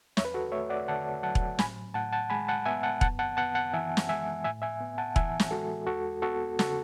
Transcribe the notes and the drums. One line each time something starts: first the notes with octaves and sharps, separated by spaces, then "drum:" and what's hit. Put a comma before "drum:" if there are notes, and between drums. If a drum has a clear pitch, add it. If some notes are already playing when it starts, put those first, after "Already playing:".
E2 C#5 E5, drum: snare
B4
F#4 A4
A3 C#5 E5
D5 F#5
D3 F#5 A5
F#3 F#5 A5
drum: kick E1
A2 G#5 B5, drum: snare
A2 F#5 A5
F#5 A5
G#3 G#5 B5
F#5 A5
B3 E5 G#5
F#5 A5
F#2 F#5 A5, drum: kick E1
F#5 A5
B3 F#5 A5
F#5 A5
E3 E5 G#5
drum: snare
G#3 E5 G#5
A2 E5 G#5
E5 G#5
B3
F#5 A5
E3 E5 G#5, drum: kick E1
drum: snare
G#3 F#4 A4
E2 F#4 A4
B3 F#4 A4
C#3 F#4 A4, drum: snare